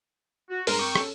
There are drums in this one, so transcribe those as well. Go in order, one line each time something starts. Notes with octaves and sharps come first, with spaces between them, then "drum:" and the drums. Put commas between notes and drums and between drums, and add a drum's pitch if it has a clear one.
F#4
G2 G#3 A#4 A#5 C6, drum: open hi-hat
C4 G5 C#6 D6
C#4 A4, drum: rim click